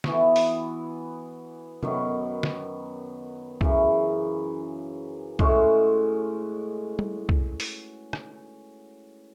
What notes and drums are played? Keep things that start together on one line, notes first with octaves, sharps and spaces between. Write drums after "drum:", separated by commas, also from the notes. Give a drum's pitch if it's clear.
E3 B3 F#4, drum: snare
drum: open hi-hat
F#2 D#3 F#3 B3, drum: tom
drum: snare
F#2 C#3 E3, drum: kick
A2 G#3 C#4 F#4, drum: kick
drum: tom G3
drum: kick
drum: open hi-hat
drum: rim click